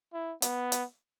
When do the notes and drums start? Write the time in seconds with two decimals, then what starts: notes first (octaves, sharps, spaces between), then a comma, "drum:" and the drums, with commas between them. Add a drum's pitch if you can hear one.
0.13 E4
0.42 B3, drum: hi-hat
0.72 drum: hi-hat